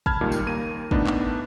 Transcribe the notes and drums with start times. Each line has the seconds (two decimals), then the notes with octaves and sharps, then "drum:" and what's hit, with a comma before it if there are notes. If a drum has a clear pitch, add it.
0.06 A5 B5 F6 G#6, drum: kick
0.21 C#2 A#2 D#3 G3
0.32 drum: tambourine
0.46 D#2 A#3 A#4 D#7
0.91 A2 B3 D4 D#4, drum: kick
1.07 drum: clap